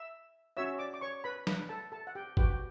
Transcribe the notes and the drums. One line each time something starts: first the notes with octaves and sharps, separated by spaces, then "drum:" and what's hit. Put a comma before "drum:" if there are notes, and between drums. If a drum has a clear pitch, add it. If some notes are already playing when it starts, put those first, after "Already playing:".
Already playing: E5 E6
C#4 F#4 C#5 E5 E6
D5 D6
D6
C#5 C#6
B4 B5
B4 B5, drum: snare
A4 A5
A4 A5
F#5
G4 G5
F#4 G4 B4 G5, drum: kick G1